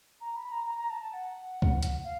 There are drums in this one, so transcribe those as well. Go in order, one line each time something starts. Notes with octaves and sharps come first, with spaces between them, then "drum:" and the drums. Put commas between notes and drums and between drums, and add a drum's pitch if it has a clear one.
A#5
B5
A#5
A#5
A#5
A5
A5
F#5
drum: kick C#2
drum: hi-hat
F5